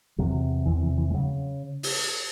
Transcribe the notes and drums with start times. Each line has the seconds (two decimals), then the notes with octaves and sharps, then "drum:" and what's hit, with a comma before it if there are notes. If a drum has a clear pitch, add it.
0.18 E2 C3 F#3
0.66 E2 C3 E3
0.82 E3
0.98 E3
1.10 G#3
1.14 C#3 F#3
1.83 drum: open hi-hat